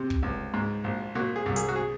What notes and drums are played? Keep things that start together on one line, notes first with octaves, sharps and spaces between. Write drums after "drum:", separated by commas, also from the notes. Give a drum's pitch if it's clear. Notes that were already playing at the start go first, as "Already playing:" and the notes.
Already playing: C3
drum: kick
C#2
G#2
A#1
A#2 F#4
G#4
C2
G#4, drum: hi-hat
F#4
G#4